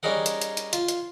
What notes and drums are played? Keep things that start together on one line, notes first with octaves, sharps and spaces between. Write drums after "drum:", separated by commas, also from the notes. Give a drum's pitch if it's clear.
G3 C#4 D#4 G#4 A#4 F#5
drum: hi-hat
drum: hi-hat
drum: hi-hat
F4, drum: hi-hat
drum: hi-hat